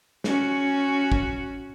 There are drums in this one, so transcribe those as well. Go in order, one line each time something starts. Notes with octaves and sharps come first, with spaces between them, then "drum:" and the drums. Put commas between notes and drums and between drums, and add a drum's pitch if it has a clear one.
C#4 F#4, drum: snare
drum: kick